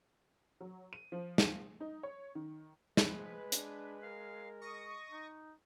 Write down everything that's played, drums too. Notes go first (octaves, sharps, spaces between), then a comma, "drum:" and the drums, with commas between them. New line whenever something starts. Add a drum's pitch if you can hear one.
F#3
D#7
F3
drum: snare
D#4
C#5
D#3
F3 G#3 B4, drum: snare
D4, drum: hi-hat
A#4 F5
D#5 C#6 D#6 A#6
D#4